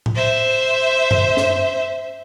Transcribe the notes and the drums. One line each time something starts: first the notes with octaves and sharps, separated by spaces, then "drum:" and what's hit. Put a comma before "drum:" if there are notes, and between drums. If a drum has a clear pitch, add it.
drum: tom A2
C5 E5
drum: tom F#2
drum: snare